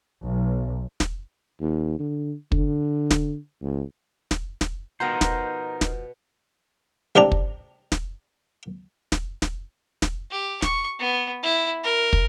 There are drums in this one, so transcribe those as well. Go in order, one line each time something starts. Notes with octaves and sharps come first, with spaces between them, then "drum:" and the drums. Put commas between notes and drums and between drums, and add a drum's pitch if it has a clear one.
B1
drum: snare
D#2
D3
D3, drum: kick
drum: snare
C#2
drum: snare
drum: snare
B2 F3 D#4 F#4 A#4 C5 G5 A#5
drum: snare
drum: snare
A1 C3 G3 D4 A#5
drum: kick
drum: snare
drum: snare
drum: snare
drum: snare
G4
C#6, drum: snare
B3
E4
A#4
drum: kick